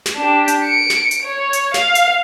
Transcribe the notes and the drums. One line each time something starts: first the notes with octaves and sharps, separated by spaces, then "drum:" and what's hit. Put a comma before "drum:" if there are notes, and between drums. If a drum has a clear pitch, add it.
drum: snare
D4 G4
drum: hi-hat
C#7 D7
drum: snare
drum: hi-hat
C#5
drum: hi-hat
F5, drum: snare
drum: hi-hat